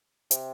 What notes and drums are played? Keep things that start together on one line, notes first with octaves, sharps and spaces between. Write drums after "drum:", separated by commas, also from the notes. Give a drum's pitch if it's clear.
C3, drum: hi-hat